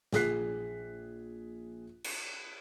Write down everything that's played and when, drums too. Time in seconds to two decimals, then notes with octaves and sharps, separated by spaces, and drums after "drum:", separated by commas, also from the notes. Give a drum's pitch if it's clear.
0.13 A#1 G#4 F#6 B6 C7, drum: snare
2.04 drum: cymbal